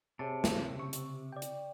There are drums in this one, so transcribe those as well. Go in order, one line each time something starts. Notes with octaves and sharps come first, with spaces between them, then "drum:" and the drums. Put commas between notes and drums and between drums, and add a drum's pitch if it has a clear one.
C3 G#4 C#5 A5
drum: snare
C#3 C#6
drum: hi-hat
D5 G5
drum: hi-hat